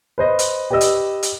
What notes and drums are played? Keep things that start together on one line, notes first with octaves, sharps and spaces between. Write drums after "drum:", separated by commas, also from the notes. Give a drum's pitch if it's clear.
B4 C5 D#5
drum: hi-hat
G4 B4 D5 D#5 E6
drum: hi-hat
drum: hi-hat